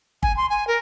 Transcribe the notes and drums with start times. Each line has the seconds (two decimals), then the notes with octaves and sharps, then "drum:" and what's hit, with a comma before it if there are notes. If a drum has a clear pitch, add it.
0.23 G#5, drum: kick
0.37 C6
0.50 G#5
0.67 A#4